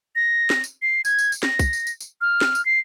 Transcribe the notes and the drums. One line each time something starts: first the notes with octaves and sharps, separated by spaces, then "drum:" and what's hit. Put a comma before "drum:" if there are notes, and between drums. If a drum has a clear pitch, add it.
A#6
drum: snare
drum: tambourine
C7
G#6, drum: tambourine
drum: tambourine
drum: tambourine
A#6, drum: snare
drum: kick, tambourine
drum: tambourine
drum: tambourine
drum: tambourine
F6
drum: snare
drum: tambourine
C7